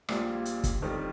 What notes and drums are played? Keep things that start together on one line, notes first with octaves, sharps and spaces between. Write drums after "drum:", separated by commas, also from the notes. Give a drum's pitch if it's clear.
A#1 A#2 G3 A#3 F4, drum: rim click
drum: hi-hat
drum: kick, hi-hat
G1 F2 D#3 G3